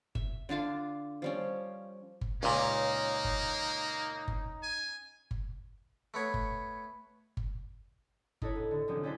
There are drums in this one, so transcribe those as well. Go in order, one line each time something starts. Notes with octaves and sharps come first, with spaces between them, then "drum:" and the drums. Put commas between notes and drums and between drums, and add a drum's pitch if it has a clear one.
E5, drum: kick G1
D3 D4 F4 A5
F3 G3 C#4
drum: kick G1
C#2 A#2 A#3 C#4 D#4
drum: kick G1
drum: kick G1
G#5
drum: kick G1
A3 B3 C#5
drum: kick G1
drum: kick G1
D#4 E4 A4 B4 C#5, drum: kick G1
A2
D3
B1 C3 F3 C#4
C#4 D4 E4 A4 B4 C5